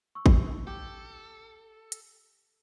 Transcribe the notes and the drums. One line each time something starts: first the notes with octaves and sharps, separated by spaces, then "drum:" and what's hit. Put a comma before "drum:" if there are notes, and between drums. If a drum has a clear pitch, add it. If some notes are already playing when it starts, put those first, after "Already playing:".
C#6 E6
drum: kick G#1
G4 A4
drum: hi-hat